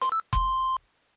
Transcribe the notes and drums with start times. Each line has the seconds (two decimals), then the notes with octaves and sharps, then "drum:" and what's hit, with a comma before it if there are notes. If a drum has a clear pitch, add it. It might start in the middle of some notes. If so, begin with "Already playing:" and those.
0.02 C6, drum: hi-hat
0.12 E6
0.33 C6, drum: kick F1